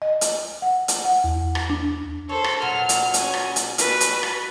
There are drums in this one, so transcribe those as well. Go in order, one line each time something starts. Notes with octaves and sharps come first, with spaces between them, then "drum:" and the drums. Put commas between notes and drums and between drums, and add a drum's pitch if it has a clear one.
D#5
drum: hi-hat
F#5
drum: hi-hat
F#5
E2
drum: rim click
D4
A4 C5 C#5
drum: rim click
A#2 F#3 B3 F6
drum: hi-hat
C#4 G#5, drum: hi-hat
drum: rim click
drum: hi-hat
F#4 B4, drum: hi-hat
drum: hi-hat
drum: rim click